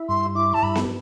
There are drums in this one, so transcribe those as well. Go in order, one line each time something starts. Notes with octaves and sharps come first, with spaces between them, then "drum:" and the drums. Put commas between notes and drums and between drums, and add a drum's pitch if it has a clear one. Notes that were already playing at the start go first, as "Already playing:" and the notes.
Already playing: E4
G2 C6
E4 D6
A5
G2 B5
drum: snare B3